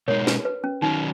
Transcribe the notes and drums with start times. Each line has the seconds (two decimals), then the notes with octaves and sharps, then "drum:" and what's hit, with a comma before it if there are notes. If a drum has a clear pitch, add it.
0.08 B2 G#3 D#4 A#4 C#5
0.27 B4, drum: snare
0.45 B4
0.64 C#4
0.82 D#3 F#3 C#4 D#4